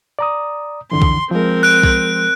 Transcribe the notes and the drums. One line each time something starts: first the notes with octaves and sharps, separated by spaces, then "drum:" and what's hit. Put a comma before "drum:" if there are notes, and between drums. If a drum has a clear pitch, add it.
D5 A#5 D#6
F2 D3 E3 C6
drum: kick B1
F3 G#3 C4 A#4
F#6 D7
drum: kick B1